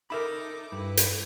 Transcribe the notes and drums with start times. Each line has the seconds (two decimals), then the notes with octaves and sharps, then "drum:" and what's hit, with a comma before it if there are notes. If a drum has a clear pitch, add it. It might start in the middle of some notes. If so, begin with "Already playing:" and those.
0.10 D#4 A4 A#4 E5 B5 D6
0.72 G2 E4 B4
0.97 drum: hi-hat